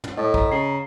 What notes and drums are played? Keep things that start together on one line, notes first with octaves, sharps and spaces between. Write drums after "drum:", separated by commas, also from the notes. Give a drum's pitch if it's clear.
drum: tom
A2 D#5
A#5, drum: kick
C#3 C7